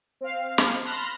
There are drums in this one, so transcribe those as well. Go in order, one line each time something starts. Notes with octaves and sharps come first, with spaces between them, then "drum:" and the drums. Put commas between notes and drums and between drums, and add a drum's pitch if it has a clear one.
C4 F5
drum: snare
A5 B5 C6 F6 F#6 A#6